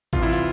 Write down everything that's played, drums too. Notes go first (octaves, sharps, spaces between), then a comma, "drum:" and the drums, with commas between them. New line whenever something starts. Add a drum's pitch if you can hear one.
C2 C3 E3 F4, drum: kick
E4
F4, drum: hi-hat